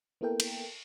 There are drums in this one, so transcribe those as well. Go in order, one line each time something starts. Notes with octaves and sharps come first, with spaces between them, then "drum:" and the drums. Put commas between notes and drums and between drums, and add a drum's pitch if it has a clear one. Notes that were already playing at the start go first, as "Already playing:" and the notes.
A#3 B3 E4 A4 A#4 G5
drum: cymbal